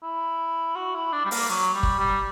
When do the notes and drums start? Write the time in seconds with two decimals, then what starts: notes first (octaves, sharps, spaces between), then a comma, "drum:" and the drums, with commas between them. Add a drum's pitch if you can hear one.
0.03 E4
0.75 F#4
0.95 E4
1.13 D4
1.25 G3
1.31 A#3, drum: open hi-hat
1.50 F#3
1.74 G3
1.83 drum: kick
1.99 G3